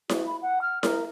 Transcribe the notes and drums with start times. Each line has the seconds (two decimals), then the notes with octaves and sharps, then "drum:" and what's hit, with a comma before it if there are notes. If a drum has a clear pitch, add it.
0.09 F#4, drum: snare E4
0.26 B5
0.42 F#5
0.62 F6
0.83 A#4, drum: snare E4